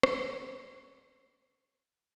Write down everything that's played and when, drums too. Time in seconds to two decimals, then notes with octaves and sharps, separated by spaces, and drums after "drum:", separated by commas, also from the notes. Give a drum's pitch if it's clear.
0.03 G4 C5, drum: rim click